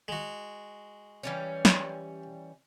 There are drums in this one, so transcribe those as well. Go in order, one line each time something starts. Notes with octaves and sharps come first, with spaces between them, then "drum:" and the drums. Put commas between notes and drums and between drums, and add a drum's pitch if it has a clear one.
G#3 F#4
E3 G3 C#4
drum: snare